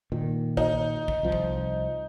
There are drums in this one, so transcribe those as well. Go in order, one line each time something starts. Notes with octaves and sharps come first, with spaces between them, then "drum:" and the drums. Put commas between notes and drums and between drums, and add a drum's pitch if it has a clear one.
A#2 D#3
D#4, drum: kick
drum: kick
C2 F3
drum: kick